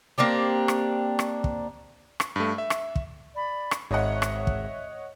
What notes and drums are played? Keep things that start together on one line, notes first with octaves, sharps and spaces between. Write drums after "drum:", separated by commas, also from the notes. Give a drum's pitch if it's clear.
A#3 C4 D4 G4
drum: rim click
drum: rim click
drum: kick
drum: rim click
G2 A3
E5
drum: rim click
drum: kick
D5 B5
drum: rim click
G#1 C#5 D#5 E5 F#5
drum: rim click
drum: kick